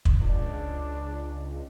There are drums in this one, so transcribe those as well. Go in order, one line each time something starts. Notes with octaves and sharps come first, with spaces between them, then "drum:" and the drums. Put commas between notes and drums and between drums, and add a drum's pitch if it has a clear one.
drum: kick
C#2 D4